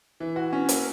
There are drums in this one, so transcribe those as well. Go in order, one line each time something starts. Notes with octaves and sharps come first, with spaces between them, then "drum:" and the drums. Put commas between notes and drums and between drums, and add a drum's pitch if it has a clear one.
E3
F#4
C#4
A#3, drum: hi-hat